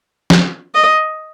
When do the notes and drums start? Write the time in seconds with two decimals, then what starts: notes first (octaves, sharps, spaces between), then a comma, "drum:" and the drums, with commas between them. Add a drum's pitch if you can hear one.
0.30 drum: snare
0.75 D#5